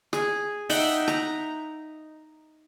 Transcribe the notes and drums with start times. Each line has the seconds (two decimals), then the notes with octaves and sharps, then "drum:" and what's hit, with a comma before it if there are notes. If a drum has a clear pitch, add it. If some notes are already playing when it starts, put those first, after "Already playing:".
0.13 G#4, drum: snare
0.69 D#4 E5 F#5 G5, drum: open hi-hat
1.08 A#5, drum: snare